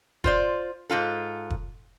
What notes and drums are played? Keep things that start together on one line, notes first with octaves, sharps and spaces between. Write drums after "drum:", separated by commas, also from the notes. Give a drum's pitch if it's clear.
F4 C5 D5, drum: kick
G#2 B2 F4 A4
drum: kick